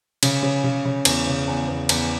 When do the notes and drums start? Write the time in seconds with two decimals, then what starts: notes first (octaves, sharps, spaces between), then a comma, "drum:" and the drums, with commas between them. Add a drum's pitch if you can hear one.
0.23 C#3, drum: cymbal
0.43 C#3
0.64 C#3
0.85 C#3
1.05 E2, drum: cymbal
1.27 C#3
1.48 E2
1.68 E2
1.89 E2, drum: cymbal